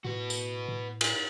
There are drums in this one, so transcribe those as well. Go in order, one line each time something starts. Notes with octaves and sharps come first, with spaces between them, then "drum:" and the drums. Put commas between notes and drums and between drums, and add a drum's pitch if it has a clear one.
A2 F#4 B4
drum: tambourine
A2
drum: cymbal